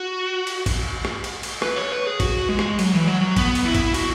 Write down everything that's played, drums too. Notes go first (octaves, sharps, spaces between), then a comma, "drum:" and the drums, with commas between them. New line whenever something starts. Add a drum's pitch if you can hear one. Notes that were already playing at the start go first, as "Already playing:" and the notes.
Already playing: F#4
drum: cymbal
drum: kick, cymbal
drum: rim click
drum: cymbal
drum: cymbal
B4, drum: rim click
C#5
B4
G#4
F#4, drum: kick, cymbal
G#3
drum: rim click
F#3, drum: cymbal
E3
F#3
F#3
B3, drum: kick, cymbal
drum: cymbal
E4
drum: kick, cymbal
F#4, drum: cymbal